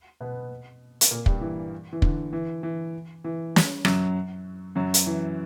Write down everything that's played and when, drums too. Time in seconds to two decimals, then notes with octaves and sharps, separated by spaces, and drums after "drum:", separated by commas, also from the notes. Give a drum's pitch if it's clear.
0.21 B2 B3
1.01 drum: hi-hat
1.11 A#2 A#3
1.26 G2 G3, drum: kick
1.41 E3
1.93 E3
2.02 D3, drum: kick
2.33 E3
2.63 E3
3.24 E3
3.56 drum: snare
3.85 F#2 F#3, drum: rim click
4.75 F#2 F#3
4.94 drum: hi-hat
5.06 E3